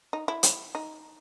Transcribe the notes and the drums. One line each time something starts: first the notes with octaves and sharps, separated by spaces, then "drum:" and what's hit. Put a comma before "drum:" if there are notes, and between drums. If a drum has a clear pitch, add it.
D#4
E4
drum: hi-hat
D#4